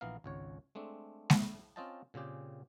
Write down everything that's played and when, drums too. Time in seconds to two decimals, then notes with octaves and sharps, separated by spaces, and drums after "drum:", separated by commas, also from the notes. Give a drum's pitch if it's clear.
0.01 A#1 E3 B3 A#4 F5
0.24 G#1 C#2 C#5
0.75 G#3 A3 C4 D4
1.30 drum: snare G#3
1.76 C4 C#4 F4 D#5 G5 A5
2.14 A#2 C#3 C4 G4 G#4